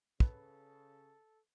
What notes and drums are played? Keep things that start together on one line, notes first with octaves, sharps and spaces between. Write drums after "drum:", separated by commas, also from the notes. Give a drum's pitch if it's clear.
C#3 A4 B4, drum: kick